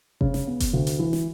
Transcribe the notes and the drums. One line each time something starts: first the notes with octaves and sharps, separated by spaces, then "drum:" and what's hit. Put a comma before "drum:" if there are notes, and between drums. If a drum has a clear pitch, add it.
C#3, drum: kick F#1
drum: snare
B3
drum: kick F#1, hi-hat
D2
drum: hi-hat
E3
drum: snare